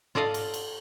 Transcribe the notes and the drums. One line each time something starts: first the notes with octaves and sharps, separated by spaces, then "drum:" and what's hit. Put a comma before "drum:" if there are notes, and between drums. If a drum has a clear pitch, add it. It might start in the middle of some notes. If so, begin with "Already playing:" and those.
F4 A4 D5 D#5 F5, drum: tom G#2
drum: cymbal
drum: cymbal